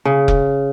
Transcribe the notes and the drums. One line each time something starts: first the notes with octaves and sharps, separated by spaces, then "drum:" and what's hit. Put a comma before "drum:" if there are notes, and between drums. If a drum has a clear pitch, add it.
C#3
drum: kick F1